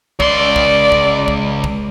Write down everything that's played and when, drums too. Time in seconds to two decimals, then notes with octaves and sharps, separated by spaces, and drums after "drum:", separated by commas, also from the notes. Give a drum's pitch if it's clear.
0.20 C#2 D5 C6, drum: kick
0.56 drum: kick
0.92 drum: kick
1.28 drum: kick
1.64 drum: kick